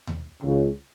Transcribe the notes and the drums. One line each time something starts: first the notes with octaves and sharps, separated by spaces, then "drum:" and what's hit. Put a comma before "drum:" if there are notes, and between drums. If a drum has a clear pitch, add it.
drum: tom D#2
C#2 C#3